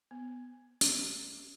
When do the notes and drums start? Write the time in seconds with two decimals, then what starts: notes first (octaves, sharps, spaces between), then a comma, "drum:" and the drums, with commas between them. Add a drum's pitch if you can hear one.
0.11 B3
0.81 drum: hi-hat